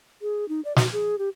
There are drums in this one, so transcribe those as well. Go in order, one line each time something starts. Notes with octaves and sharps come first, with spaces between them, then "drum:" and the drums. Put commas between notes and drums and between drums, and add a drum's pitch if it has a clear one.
G#4
D#4
D5
F#4, drum: snare
G#4
G4